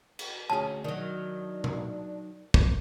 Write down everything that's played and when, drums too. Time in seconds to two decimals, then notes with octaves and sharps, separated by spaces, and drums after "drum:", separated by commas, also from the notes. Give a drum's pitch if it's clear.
0.19 drum: cymbal
0.50 D2 C#4 G#4 A5
0.84 D#3 F#3 D4
1.64 drum: tom
2.54 drum: kick